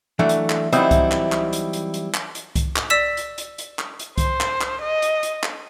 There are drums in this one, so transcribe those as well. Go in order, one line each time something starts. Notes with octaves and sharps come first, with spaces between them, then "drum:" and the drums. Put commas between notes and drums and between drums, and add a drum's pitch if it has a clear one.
E3 F#3 A3 D4
drum: hi-hat
drum: clap
E3 F#3 G3 C4 D#4 E4, drum: hi-hat
drum: kick C2, hi-hat
drum: clap
drum: clap
drum: hi-hat
drum: hi-hat
drum: hi-hat
drum: clap
drum: hi-hat
drum: kick C2, hi-hat
drum: clap
D5 E6 B6 E7
drum: hi-hat
drum: hi-hat
drum: hi-hat
drum: clap
drum: hi-hat
C5, drum: kick C2, hi-hat
drum: clap
drum: clap
D#5
drum: hi-hat
drum: hi-hat
drum: clap